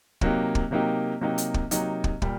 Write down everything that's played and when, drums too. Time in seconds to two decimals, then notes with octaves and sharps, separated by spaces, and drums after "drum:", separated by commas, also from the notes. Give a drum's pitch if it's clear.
0.21 C3 F#3 A#3 D#4 G4, drum: kick
0.55 drum: kick
0.71 C3 F#3 A#3 D#4 G4
1.21 C3 F#3 A#3 D#4 G4
1.38 drum: hi-hat
1.54 drum: kick
1.71 C3 F#3 A#3 D#4 G4, drum: hi-hat
2.04 drum: kick
2.22 A#2 G3 A#3, drum: kick